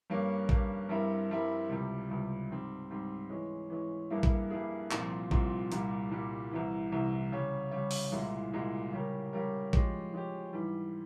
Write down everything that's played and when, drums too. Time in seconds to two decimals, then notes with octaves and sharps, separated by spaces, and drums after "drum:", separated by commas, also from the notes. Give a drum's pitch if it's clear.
0.10 G2 G3 A#3 C#4
0.49 G2 G3 A#3 C#4, drum: kick A1
0.89 G2 G3 C4 E4 A#4
1.30 G2 G3 C4 E4 A#4
1.69 C#2 C3 G3
2.10 C#2 C3 G3
2.50 G#2 G3 C4
2.91 G#2 G3 C4
3.30 E3 G#3 C#4
3.70 E3 G#3 C#4
4.10 G2 G3 A#3 E4 G#4
4.23 drum: kick A1
4.50 G2 G3 A#3 E4 G#4
4.91 C2 A#2 F3 C4, drum: clap
5.31 C2 A#2 F3 C4, drum: kick A1
5.72 C2 A#2 G3, drum: hi-hat
6.11 C2 A#2 G3
6.51 C2 C3 E3
6.92 C2 C3 E3
7.32 C#3 G3 C#4
7.71 C#3 G3 C#4
7.91 drum: open hi-hat
8.12 C2 A#2 G#3 E4
8.52 C2 A#2 G#3 E4
8.92 C#3 G3 C#4 G4 A#4
9.33 C#3 G3 C#4 G4 A#4
9.73 F3 G#3 C#4 G4, drum: kick A1
10.13 F3 G#3 C#4 G4
10.53 G#2 E3 G3